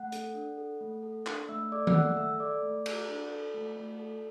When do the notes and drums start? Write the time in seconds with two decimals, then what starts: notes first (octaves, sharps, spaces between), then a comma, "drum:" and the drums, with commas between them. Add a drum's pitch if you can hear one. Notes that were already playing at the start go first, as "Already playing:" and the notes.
Already playing: A3 F#5 F#6
0.12 A4, drum: hi-hat
0.34 D4
0.58 A4
0.81 A3
1.03 A4
1.27 D4, drum: clap
1.49 A3 E5 E6
1.72 A4 D5 D6
1.87 E6, drum: tom D#3
1.94 A3 F#5 F#6
2.17 A4 E5 E6
2.40 A4 D5 D6
2.62 A3
2.86 A4, drum: cymbal
3.09 D4
3.31 A4
3.54 A3
3.77 A3
3.99 A4